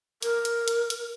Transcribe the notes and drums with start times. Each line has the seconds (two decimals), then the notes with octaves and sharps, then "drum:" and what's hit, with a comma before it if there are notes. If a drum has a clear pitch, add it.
0.22 A#4, drum: hi-hat
0.45 drum: hi-hat
0.68 drum: hi-hat
0.90 drum: hi-hat